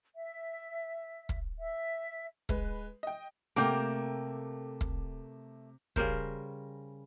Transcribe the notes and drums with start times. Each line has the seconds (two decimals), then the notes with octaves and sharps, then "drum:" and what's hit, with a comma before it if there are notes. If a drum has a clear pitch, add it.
0.14 E5
1.29 drum: kick
1.58 E5
2.49 G#3 B4, drum: kick
3.03 D#5 G5
3.56 C3 A3 A#3 A4 A#4 G5 D6 D7
4.81 drum: kick
5.96 C#3 G3 A#4 C5, drum: kick